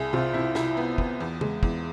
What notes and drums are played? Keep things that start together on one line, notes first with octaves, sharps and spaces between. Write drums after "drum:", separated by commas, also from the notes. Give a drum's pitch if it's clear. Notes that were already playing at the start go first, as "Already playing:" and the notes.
Already playing: C2 G#4
C3 F4
C3 E4
C2 E4, drum: snare
B3
B3, drum: kick
E2
G#3, drum: tom C#3
E2, drum: kick